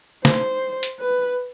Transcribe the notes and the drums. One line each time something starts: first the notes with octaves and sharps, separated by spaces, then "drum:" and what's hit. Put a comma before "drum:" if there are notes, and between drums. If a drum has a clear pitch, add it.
C5, drum: snare
drum: hi-hat
B4